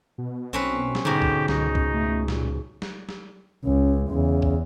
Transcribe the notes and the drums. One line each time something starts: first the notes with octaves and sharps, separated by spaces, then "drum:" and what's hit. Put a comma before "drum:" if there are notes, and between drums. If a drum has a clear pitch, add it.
B2
B1 C4 C#4 B4
drum: snare
G#2 B2 D3 G4
drum: kick B1
C#2 D#4, drum: snare
drum: kick B1
A3
A#2, drum: snare
drum: snare
drum: snare
C#2 C#4
E2 C#3
drum: kick B1